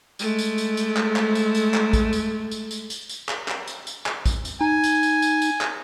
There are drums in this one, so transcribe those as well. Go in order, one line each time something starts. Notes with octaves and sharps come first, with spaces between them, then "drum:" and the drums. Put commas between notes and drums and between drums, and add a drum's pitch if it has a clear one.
G#3 A3, drum: tambourine
drum: tambourine
drum: tambourine
drum: tambourine
drum: clap
drum: clap
drum: tambourine
drum: tambourine
drum: clap
drum: kick, tambourine
drum: tambourine
drum: tambourine
drum: tambourine
drum: tambourine
drum: tambourine
drum: clap
drum: clap
drum: tambourine
drum: tambourine
drum: clap
drum: kick, tambourine
drum: tambourine
D#4 G#5
drum: tambourine
drum: tambourine
drum: tambourine
drum: tambourine
drum: clap